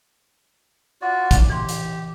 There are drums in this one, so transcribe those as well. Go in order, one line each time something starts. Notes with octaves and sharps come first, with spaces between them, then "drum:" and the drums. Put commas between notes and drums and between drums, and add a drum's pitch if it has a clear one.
F4 F#4 D5
drum: kick, hi-hat
E3 G4 C6
drum: hi-hat